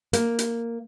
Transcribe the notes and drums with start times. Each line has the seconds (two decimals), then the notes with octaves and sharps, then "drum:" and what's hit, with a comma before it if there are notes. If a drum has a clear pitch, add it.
0.13 A#3, drum: hi-hat
0.39 drum: hi-hat